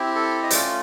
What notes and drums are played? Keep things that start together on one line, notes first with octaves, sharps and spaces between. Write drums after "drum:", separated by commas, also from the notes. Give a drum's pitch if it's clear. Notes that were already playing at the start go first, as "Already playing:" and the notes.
Already playing: C4 E4 G4
A4
D#5
A3 C#4 F4 D5, drum: hi-hat